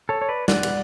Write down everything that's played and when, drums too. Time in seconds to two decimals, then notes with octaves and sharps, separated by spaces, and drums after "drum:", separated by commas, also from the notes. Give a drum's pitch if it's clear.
0.09 A4 C#5
0.22 C#5
0.29 B4 D5
0.48 E3 B3 D5 F#5, drum: snare
0.63 drum: cymbal